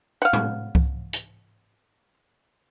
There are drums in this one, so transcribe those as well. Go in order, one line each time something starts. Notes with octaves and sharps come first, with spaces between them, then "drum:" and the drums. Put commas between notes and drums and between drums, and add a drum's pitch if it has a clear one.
F5 F#5
drum: tom
drum: kick C2
drum: hi-hat